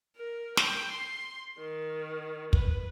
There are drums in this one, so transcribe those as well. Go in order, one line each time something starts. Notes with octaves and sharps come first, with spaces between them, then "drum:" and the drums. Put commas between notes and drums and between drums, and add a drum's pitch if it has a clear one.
A#4
G5, drum: snare
C6
D#3
B4, drum: kick